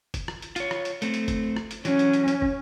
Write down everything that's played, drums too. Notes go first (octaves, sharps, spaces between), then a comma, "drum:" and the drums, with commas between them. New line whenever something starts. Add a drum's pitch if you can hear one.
drum: kick, hi-hat
drum: rim click
drum: hi-hat
F4 C#5, drum: hi-hat
drum: rim click
drum: hi-hat
A3 C4, drum: hi-hat
drum: hi-hat
drum: kick, hi-hat
drum: rim click
drum: hi-hat
E3 F#3 C#4, drum: hi-hat
drum: hi-hat
drum: hi-hat
drum: hi-hat
drum: kick